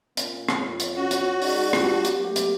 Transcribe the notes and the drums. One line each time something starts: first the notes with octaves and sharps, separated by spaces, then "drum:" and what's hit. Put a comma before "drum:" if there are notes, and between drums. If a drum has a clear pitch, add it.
A#2 A#3 C#4, drum: hi-hat
drum: rim click
F2 F4 C#5
drum: hi-hat
C#4 F#4
drum: hi-hat
G#3 C#4 D#4 D5, drum: open hi-hat
G3 D4 F4 G4, drum: rim click
drum: hi-hat
F#3 A3 A#3 G4
drum: hi-hat